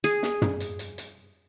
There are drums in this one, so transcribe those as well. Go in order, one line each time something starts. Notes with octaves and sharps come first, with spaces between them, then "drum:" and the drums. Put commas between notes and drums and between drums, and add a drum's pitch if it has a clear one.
G#4, drum: hi-hat
drum: snare
drum: tom
drum: hi-hat
drum: hi-hat
drum: hi-hat